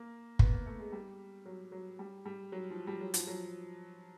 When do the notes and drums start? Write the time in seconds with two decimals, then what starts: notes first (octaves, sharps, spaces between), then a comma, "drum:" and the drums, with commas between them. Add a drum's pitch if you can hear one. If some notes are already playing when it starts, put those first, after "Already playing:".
Already playing: A#3
0.39 B3, drum: kick
0.53 A#3
0.66 A3
0.79 G#3
0.92 G3
1.46 F#3
1.72 F#3
1.99 G3
2.26 G3
2.52 F#3
2.70 F3
2.87 G3
3.01 F#3
3.14 F3, drum: hi-hat
3.27 F#3